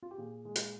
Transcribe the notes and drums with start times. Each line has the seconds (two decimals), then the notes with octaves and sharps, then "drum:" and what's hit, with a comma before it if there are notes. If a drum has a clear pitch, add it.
0.03 F4
0.11 G4
0.17 A#2 G#4
0.45 G#3
0.56 drum: hi-hat